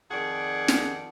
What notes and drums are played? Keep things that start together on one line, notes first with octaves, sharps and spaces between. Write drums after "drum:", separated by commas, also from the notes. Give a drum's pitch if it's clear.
F2 D#3 G#4 D5 F#5
drum: snare